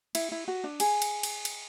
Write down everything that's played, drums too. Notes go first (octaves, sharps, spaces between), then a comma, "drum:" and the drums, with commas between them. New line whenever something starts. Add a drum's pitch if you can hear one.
E4, drum: cymbal
E4
F#4
D4
G#4, drum: cymbal
drum: cymbal
drum: cymbal
drum: cymbal